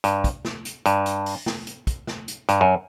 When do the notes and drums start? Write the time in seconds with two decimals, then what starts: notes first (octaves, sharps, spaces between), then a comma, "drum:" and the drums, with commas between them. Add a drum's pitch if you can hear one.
0.04 G2, drum: hi-hat
0.24 drum: kick, hi-hat
0.45 drum: snare
0.65 drum: hi-hat
0.86 G2, drum: hi-hat
1.06 drum: hi-hat
1.26 drum: open hi-hat
1.46 drum: snare
1.67 drum: hi-hat
1.87 drum: kick, hi-hat
2.07 drum: snare
2.28 drum: hi-hat
2.49 G2, drum: hi-hat
2.61 F#2